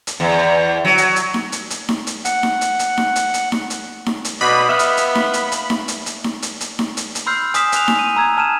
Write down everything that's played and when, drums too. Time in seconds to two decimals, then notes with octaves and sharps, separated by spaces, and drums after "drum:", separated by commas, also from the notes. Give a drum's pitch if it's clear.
0.07 drum: hi-hat
0.20 E2
0.85 F#3
0.98 drum: hi-hat
1.16 drum: hi-hat
1.34 drum: snare D#4
1.52 drum: hi-hat
1.70 drum: hi-hat
1.89 drum: snare D#4
2.07 drum: hi-hat
2.25 F#5, drum: hi-hat
2.43 drum: snare D#4
2.61 drum: hi-hat
2.79 drum: hi-hat
2.97 drum: snare D#4
3.16 drum: hi-hat
3.34 drum: hi-hat
3.52 drum: snare D#4
3.70 drum: hi-hat
4.06 drum: snare D#4
4.25 drum: hi-hat
4.41 B2 D5 D#5 B5
4.69 B3 E5 F5 D#6
4.79 drum: hi-hat
4.97 drum: hi-hat
5.15 drum: snare D#4
5.34 drum: hi-hat
5.52 drum: hi-hat
5.70 drum: snare D#4
5.88 drum: hi-hat
6.06 drum: hi-hat
6.24 drum: snare D#4
6.42 drum: hi-hat
6.61 drum: hi-hat
6.79 drum: snare D#4
6.97 drum: hi-hat
7.15 drum: hi-hat
7.26 B5 C6 E6 F6 G6 C7
7.54 G#5 D#6 F6 B6 E7, drum: hi-hat
7.72 G#5 D#6 F#6 F7, drum: hi-hat
7.88 drum: snare D#4
7.99 D#7
8.17 A#5 E6 G#6
8.37 A5 F6 D#7 E7